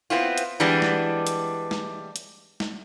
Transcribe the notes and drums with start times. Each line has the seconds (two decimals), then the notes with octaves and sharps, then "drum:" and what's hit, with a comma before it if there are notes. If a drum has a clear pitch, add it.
0.10 B3 C4 E4 F4
0.38 drum: hi-hat
0.60 E3 G3 G#3 B3 D4
0.82 drum: snare
1.27 drum: hi-hat
1.71 drum: snare
2.16 drum: hi-hat
2.60 drum: snare